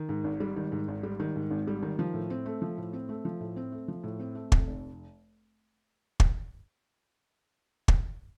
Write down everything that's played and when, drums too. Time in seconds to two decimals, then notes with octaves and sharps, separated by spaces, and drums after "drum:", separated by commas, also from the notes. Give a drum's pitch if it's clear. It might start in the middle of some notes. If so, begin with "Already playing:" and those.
Already playing: D#3
0.09 G#2
0.24 G#1
0.40 G3
0.56 D#3
0.72 G#2
0.88 G#1
1.03 G3
1.20 D#3
1.36 G#2
1.51 G#1
1.67 G3
1.82 D#3
1.99 F3
2.14 A2
2.30 C4
2.46 A3
2.62 F3
2.78 A2
2.93 C4
3.09 A3
3.25 F3
3.40 A2
3.56 C4
3.72 A3
3.88 F3
4.04 A2
4.19 C4
4.35 A3
4.52 F2, drum: kick
4.67 F1
6.20 drum: kick
7.88 drum: kick